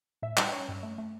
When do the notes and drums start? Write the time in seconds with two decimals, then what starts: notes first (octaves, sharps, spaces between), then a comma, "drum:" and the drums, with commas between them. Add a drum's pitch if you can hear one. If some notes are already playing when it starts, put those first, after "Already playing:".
0.22 A2 E5
0.37 G3 G5, drum: clap
0.52 C#4 C#5
0.69 G2
0.83 A3
0.98 A3